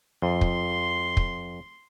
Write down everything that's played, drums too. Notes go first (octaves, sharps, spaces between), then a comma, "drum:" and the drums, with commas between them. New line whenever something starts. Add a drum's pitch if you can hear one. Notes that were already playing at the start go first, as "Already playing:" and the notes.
F2 C6
drum: kick
drum: kick